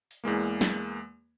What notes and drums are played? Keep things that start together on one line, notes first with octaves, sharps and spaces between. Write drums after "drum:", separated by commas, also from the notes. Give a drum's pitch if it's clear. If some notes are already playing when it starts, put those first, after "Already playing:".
drum: open hi-hat
E2 E3 G#3 A#3
drum: snare